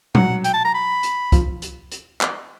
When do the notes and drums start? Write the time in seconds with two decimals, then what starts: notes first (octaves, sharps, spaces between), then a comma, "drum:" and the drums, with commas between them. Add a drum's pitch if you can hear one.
0.15 F#3 F#5, drum: tom A#2
0.44 G5, drum: hi-hat
0.53 A5
0.64 A#5
0.74 B5
1.03 drum: hi-hat
1.32 F3, drum: kick, hi-hat
1.62 drum: hi-hat
1.92 drum: hi-hat
2.21 drum: clap